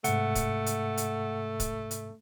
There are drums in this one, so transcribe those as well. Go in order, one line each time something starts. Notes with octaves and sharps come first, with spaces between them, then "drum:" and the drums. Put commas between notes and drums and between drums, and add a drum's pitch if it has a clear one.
G#2 C3 A3 F#5, drum: hi-hat
drum: kick C#1, hi-hat
drum: hi-hat
drum: hi-hat
drum: kick C#1, hi-hat
drum: hi-hat